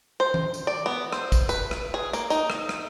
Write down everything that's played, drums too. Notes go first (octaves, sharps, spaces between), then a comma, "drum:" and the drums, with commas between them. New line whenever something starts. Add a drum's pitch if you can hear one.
C5
drum: tom E3
drum: tambourine
D5
B3
C5, drum: rim click
drum: kick, tambourine
B4, drum: tambourine
drum: rim click
G#4
A#3, drum: tambourine
D#4, drum: tambourine
drum: rim click
drum: rim click